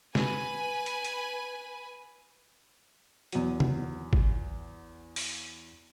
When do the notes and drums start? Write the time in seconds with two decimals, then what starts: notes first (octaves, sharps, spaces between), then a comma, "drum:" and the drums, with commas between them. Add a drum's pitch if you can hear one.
0.15 B4 G#5, drum: snare
0.86 drum: hi-hat
1.04 drum: hi-hat
3.32 E2 F#3, drum: hi-hat
3.60 drum: tom
4.13 drum: kick G#1
5.16 drum: open hi-hat